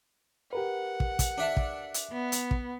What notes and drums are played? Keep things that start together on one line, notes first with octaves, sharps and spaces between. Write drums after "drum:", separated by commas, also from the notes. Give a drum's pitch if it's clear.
G4 A#4 B4 F#5
drum: kick
drum: kick, hi-hat
D4 E5 A5
drum: kick
drum: hi-hat
B3
drum: hi-hat
drum: kick